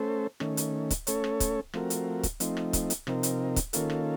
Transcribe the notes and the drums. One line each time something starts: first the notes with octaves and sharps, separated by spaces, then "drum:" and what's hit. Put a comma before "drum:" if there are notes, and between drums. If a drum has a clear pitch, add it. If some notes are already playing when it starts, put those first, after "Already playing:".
Already playing: A3 C#4 A4 C5
D#3 A3 C#4, drum: rim click
drum: hi-hat
drum: kick, hi-hat
A3 C#4 A4 C#5, drum: hi-hat
drum: rim click
drum: kick, hi-hat
F3 A3 C4 F#4 A#4, drum: rim click
drum: hi-hat
drum: kick, hi-hat
F3 A3 C4 D#4, drum: hi-hat
drum: rim click
drum: kick, hi-hat
drum: hi-hat
C3 F3 C4 D#4 A#4, drum: rim click
drum: hi-hat
drum: kick, hi-hat
D#3 A#3 C#4 F4 A4, drum: hi-hat
drum: rim click